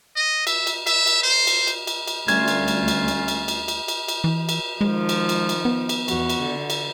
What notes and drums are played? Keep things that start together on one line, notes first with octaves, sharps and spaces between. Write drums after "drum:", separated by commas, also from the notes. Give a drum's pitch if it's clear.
D#5
E5, drum: cymbal
drum: cymbal
E5, drum: cymbal
drum: cymbal
C5
drum: cymbal
drum: cymbal
drum: cymbal
drum: cymbal
D2 G3 A3 C#4 D4 F4 G4 G#6, drum: cymbal
drum: cymbal
drum: cymbal
drum: cymbal
drum: cymbal
drum: cymbal
drum: cymbal
drum: cymbal
drum: cymbal
drum: cymbal
E3
drum: cymbal
D#3 F3 G#3
drum: cymbal
drum: cymbal
drum: cymbal
B3
drum: cymbal
E2 F#4, drum: cymbal
drum: cymbal
D3
drum: cymbal